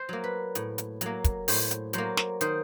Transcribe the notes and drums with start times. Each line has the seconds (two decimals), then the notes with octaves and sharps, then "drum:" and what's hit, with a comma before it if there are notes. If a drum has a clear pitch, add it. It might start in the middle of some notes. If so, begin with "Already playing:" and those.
Already playing: C5
0.09 F#3 A#3
0.24 B4
0.55 A2, drum: hi-hat
0.78 drum: hi-hat
1.01 F#3 A#3, drum: hi-hat
1.24 drum: kick, hi-hat
1.48 A2 C5, drum: open hi-hat
1.71 drum: hi-hat
1.93 F#3 A#3 C5, drum: hi-hat
2.17 drum: snare
2.41 D#3 C5, drum: hi-hat